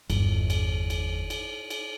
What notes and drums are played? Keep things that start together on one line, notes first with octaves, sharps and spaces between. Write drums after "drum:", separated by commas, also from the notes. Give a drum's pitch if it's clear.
G1 E2, drum: cymbal
drum: cymbal
drum: cymbal
drum: cymbal
drum: cymbal